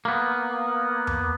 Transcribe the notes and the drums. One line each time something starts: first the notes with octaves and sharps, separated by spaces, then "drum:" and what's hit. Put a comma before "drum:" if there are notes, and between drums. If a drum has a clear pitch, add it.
A#3 B3
drum: tom E2